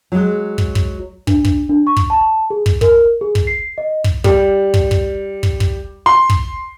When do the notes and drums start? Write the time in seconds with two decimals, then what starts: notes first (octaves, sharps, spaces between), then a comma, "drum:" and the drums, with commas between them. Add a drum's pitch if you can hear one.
0.12 F#3 G#3
0.58 drum: kick
0.75 drum: kick
1.27 D4, drum: kick
1.45 drum: kick
1.69 D4
1.87 C#6
1.96 drum: kick
2.10 A5
2.50 G#4
2.66 drum: kick
2.81 A#4, drum: kick
3.21 G#4
3.35 drum: kick
3.47 C7
3.78 D#5
4.04 drum: kick
4.24 G3, drum: kick
4.74 drum: kick
4.91 drum: kick
5.43 drum: kick
5.60 drum: kick
6.06 C6
6.30 drum: kick